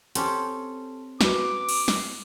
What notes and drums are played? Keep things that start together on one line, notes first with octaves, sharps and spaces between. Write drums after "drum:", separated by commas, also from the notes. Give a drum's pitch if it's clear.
C4 C#4 G4 A4, drum: hi-hat
F#4 B4 D6, drum: snare
drum: cymbal
drum: snare